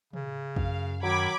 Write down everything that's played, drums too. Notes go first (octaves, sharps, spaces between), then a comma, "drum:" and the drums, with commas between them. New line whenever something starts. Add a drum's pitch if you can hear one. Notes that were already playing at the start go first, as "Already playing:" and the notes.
C#3, drum: tom
F#2 F5, drum: kick
D#3 F#3 B5 D6 G#6